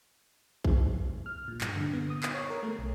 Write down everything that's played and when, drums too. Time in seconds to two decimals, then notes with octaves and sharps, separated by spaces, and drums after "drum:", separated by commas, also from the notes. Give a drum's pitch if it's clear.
0.65 drum: kick
1.26 F6
1.48 A#2
1.61 G2, drum: clap
1.76 D3
1.93 B3
2.10 D#6
2.23 C7, drum: clap
2.34 C#5
2.50 A#4
2.63 A3
2.79 B1